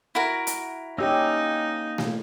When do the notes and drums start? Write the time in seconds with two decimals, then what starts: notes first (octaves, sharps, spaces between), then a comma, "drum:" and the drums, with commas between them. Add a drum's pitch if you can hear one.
0.15 E4 F#4 A#4
0.47 drum: hi-hat
0.98 A#3 C#4 D#4 G4 D#5 E6
1.98 drum: snare A3